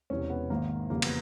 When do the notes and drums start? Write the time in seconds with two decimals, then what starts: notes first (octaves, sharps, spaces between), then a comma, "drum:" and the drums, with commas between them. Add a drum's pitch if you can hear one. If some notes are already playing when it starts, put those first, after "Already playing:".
0.10 E1 E2 C3 C#4
0.30 B3
0.50 G#1 G#2 D#3 A#3
0.90 F2 C#3 E3 G3 A#3
1.02 B3, drum: cymbal